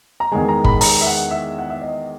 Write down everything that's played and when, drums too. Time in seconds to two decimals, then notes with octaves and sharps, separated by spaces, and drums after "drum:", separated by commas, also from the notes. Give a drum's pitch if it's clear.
0.20 A#5
0.32 E2 D#3 G#3 G#5
0.48 A#5
0.64 B5, drum: kick G1
0.81 A#5, drum: open hi-hat
1.01 E5
1.07 F#5
1.31 E5
1.58 F#5
1.70 E5
1.81 D#5